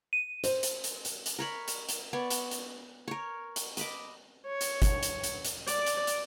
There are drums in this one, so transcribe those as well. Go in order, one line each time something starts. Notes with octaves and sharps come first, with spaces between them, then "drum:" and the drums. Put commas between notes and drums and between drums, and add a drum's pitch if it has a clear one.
D#7
C5, drum: hi-hat
drum: hi-hat
drum: hi-hat
drum: hi-hat
drum: hi-hat
A#4 C#5 B5
drum: hi-hat
drum: hi-hat
B3 C#5 D5
drum: hi-hat
drum: hi-hat
A#4 C#5
drum: hi-hat
D#5 B5 D6, drum: hi-hat
C#5
drum: hi-hat
drum: kick G1, hi-hat
drum: hi-hat
drum: hi-hat
drum: hi-hat
D5, drum: hi-hat
drum: hi-hat
drum: hi-hat